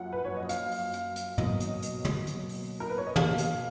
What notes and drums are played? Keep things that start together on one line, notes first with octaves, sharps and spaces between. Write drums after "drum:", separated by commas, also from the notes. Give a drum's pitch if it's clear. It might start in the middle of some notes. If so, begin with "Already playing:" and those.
Already playing: F#2 F3 A#3 F#5
B4
C#5
D#5
F5, drum: hi-hat
drum: open hi-hat
drum: hi-hat
drum: hi-hat
B2 F#3 A#3 D#5, drum: tom
drum: hi-hat
drum: hi-hat
drum: tom
drum: hi-hat
drum: open hi-hat
A#4
B4
C#5
D#5
B2 A#3 F5, drum: tom
drum: hi-hat